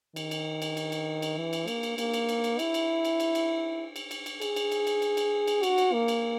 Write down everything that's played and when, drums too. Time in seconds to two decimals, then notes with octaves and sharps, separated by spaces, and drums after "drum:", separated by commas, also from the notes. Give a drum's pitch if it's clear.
0.16 D#3, drum: cymbal
0.31 drum: cymbal
0.62 drum: cymbal
0.77 drum: cymbal
0.92 drum: cymbal
1.22 drum: cymbal
1.38 E3
1.53 drum: cymbal
1.68 A#3, drum: cymbal
1.83 drum: cymbal
1.98 A#3, drum: cymbal
2.14 drum: cymbal
2.29 drum: cymbal
2.44 drum: cymbal
2.59 E4, drum: cymbal
2.74 drum: cymbal
3.05 drum: cymbal
3.20 drum: cymbal
3.35 drum: cymbal
3.96 drum: cymbal
4.11 drum: cymbal
4.26 drum: cymbal
4.41 G#4, drum: cymbal
4.56 drum: cymbal
4.72 drum: cymbal
4.87 drum: cymbal
5.02 drum: cymbal
5.17 drum: cymbal
5.48 drum: cymbal
5.63 F#4, drum: cymbal
5.78 drum: cymbal
5.93 A#3
6.08 drum: cymbal